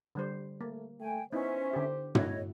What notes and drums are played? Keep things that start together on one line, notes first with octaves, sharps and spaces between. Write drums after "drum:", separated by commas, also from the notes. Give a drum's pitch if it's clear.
D3 G3 C5
A3 A#3
A3 G5 G#5
B3 C#4 D#4 E4 C5 E5
D3 G4
A3 E4 F#4 C#5 D#5, drum: tom